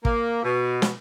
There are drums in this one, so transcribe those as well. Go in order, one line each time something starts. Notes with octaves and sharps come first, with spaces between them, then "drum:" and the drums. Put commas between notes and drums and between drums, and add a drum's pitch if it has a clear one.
A#3, drum: kick
B2
drum: snare